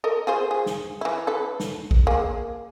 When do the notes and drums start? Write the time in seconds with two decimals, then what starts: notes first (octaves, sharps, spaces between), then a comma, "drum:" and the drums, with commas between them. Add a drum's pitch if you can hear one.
0.04 A4 A#4 D#5
0.27 F4 G#4 C5
0.51 G#4
0.66 drum: snare
1.01 E3 E4
1.27 A4 B4
1.60 drum: snare
1.91 drum: kick A1
2.07 A#3 G#4